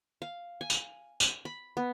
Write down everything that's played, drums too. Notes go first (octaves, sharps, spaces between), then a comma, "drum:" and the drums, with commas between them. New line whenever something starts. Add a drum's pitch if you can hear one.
F5
G#5
drum: tambourine
drum: tambourine
B5
B3